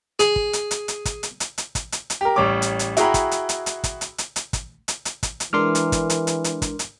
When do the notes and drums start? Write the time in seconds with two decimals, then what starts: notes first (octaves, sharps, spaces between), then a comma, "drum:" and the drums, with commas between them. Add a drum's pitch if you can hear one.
0.19 G#4, drum: hi-hat
0.36 drum: kick
0.53 drum: hi-hat
0.71 drum: hi-hat
0.88 drum: hi-hat
1.05 drum: kick, hi-hat
1.23 drum: hi-hat
1.40 drum: hi-hat
1.58 drum: hi-hat
1.75 drum: kick, hi-hat
1.92 drum: hi-hat
2.10 drum: hi-hat
2.21 G4 A#4
2.36 A1 G3 C#5 D6
2.62 drum: hi-hat
2.79 drum: hi-hat
2.97 E4 F#4 G#4 G5 A#5 B5, drum: hi-hat
3.14 drum: kick, hi-hat
3.31 drum: hi-hat
3.49 drum: hi-hat
3.66 drum: hi-hat
3.84 drum: kick, hi-hat
4.01 drum: hi-hat
4.18 drum: hi-hat
4.36 drum: hi-hat
4.53 drum: kick, hi-hat
4.88 drum: hi-hat
5.05 drum: hi-hat
5.23 drum: kick, hi-hat
5.40 drum: hi-hat
5.53 E3 G#3 D4 A#4 C6 D6 F6
5.75 drum: hi-hat
5.92 drum: kick, hi-hat
6.10 drum: hi-hat
6.27 drum: hi-hat
6.44 drum: hi-hat
6.62 drum: kick, hi-hat
6.79 drum: hi-hat